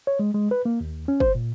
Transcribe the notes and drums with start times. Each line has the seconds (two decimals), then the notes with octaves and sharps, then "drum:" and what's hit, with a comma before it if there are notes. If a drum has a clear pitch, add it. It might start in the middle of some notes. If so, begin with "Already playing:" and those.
0.07 C#5
0.19 G#3
0.34 G#3
0.51 B4
0.65 A#3
0.81 D#2
1.08 C#4
1.20 C5, drum: kick
1.35 A#2